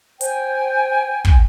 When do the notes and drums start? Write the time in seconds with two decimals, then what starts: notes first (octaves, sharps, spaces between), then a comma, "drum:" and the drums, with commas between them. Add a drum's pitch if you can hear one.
0.21 C5 G5 G#5, drum: hi-hat
1.25 drum: kick